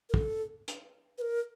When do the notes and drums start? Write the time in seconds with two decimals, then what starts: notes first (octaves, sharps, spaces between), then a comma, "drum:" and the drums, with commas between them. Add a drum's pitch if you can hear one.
0.09 A#4
0.14 A4, drum: kick
0.68 drum: hi-hat
1.18 B4
1.21 A#4